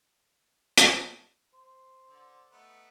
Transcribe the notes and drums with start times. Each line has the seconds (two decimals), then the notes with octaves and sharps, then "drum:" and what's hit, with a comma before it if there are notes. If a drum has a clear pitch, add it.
0.77 drum: hi-hat
1.53 C5
2.07 D3
2.52 A3 B3 D#4